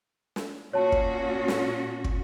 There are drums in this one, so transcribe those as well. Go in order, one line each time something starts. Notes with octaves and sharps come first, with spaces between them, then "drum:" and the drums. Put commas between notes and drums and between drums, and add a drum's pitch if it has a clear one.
drum: snare
A#2 C#4 F#4 C#5 A5
drum: kick
drum: snare
drum: kick